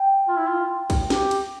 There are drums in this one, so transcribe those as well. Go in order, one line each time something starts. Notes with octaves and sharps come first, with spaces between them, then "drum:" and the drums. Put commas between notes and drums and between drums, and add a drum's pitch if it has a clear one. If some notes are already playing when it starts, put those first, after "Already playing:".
Already playing: G5
F4
E4
F4
drum: kick, cymbal
G4, drum: snare
drum: cymbal